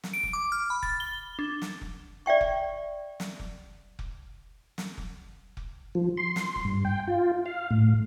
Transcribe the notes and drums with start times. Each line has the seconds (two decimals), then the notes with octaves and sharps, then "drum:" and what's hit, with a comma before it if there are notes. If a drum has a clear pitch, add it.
0.04 drum: snare
0.14 D7
0.23 drum: kick F1
0.33 D6
0.52 F6
0.70 B5
0.83 A6, drum: kick F1
1.00 G7
1.39 D4
1.62 drum: snare
1.81 drum: kick F1
2.26 D5 E5 G5 C#6
2.41 drum: kick F1
3.20 drum: snare
3.39 drum: kick F1
3.99 drum: kick F1
4.78 drum: snare
4.98 drum: kick F1
5.57 drum: kick F1
5.95 F3
6.17 C6
6.36 drum: snare
6.56 drum: kick F1
6.65 G2
6.85 G5
7.08 F4
7.46 F5
7.71 A2